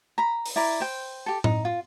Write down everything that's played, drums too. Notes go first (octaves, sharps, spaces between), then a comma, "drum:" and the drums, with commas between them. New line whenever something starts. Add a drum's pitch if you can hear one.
A#5 B5
drum: open hi-hat
E4 D5 A#5
C5 G5
G4 A4
D#4, drum: tom A2
F4